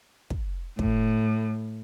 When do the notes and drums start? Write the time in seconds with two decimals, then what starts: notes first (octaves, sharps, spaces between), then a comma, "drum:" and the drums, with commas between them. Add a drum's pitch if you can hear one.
0.30 drum: kick
0.79 A2, drum: kick